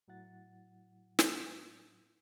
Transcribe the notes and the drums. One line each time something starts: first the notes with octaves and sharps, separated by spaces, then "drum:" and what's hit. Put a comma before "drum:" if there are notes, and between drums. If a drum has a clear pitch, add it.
A2 F#3 E4 F#5 A6
drum: snare